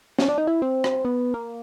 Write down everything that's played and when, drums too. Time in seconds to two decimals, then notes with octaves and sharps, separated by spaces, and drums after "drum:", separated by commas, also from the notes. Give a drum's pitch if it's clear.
0.19 C#4, drum: snare
0.28 D4
0.38 D#4
0.47 E4
0.62 C4
0.84 drum: rim click
1.05 B3
1.34 A#3